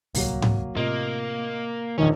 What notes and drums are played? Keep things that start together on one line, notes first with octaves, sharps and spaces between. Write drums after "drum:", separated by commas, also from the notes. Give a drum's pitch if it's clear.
D1 C2 F#3 A#3, drum: open hi-hat
drum: tom G#2
A2 C3 A#3 F4 D#5
E1 A#1 D#3 C#4